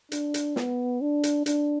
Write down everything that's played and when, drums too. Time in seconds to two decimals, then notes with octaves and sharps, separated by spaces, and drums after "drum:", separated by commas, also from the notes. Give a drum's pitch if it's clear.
0.12 D4, drum: hi-hat
0.34 drum: hi-hat
0.56 B3, drum: snare
1.01 D4
1.23 drum: hi-hat
1.46 D4, drum: hi-hat